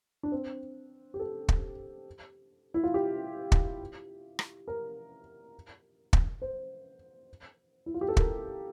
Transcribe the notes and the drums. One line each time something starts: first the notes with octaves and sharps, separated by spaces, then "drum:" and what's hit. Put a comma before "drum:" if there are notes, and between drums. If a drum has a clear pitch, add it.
D4
C4
G4
A4
drum: kick
E4
F4
G4
drum: kick
drum: rim click
A#4
drum: kick
C5
E4
F4
G4
A4
A#4, drum: kick